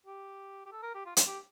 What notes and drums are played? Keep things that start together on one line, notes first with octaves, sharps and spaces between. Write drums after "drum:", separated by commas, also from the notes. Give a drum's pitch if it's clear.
G4
G4
A4
A#4
G4
F4
F4, drum: hi-hat
G4